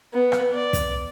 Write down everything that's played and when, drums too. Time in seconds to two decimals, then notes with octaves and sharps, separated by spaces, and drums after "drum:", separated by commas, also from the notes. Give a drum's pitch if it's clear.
0.13 B3
0.32 drum: rim click
0.52 D5
0.73 drum: kick, hi-hat